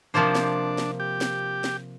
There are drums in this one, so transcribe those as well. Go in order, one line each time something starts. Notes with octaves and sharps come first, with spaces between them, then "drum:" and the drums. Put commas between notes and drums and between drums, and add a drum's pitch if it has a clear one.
C3 F3 A#3 D4 F4 C5
drum: snare
drum: snare
G4
drum: snare
drum: snare